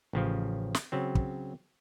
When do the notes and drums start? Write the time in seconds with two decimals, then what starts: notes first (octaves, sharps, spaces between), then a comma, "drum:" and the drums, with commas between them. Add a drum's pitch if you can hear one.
0.13 A1 C#3 F3
0.75 drum: snare
0.92 C#3 F#3 C4
1.15 drum: kick